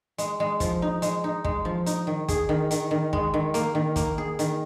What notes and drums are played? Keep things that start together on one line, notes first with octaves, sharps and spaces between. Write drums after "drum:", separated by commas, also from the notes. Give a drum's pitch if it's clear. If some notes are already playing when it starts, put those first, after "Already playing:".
G#3, drum: hi-hat
G#3
F3, drum: kick, hi-hat
D#4
G#3, drum: hi-hat
D#4
G#3, drum: kick
F3
D#4, drum: hi-hat
D#3
G#4, drum: kick, hi-hat
D#3
D#3, drum: hi-hat
D#3
G#3, drum: kick
D#3
A#3, drum: hi-hat
D#3
A#3, drum: kick, hi-hat
G#4
D#3, drum: hi-hat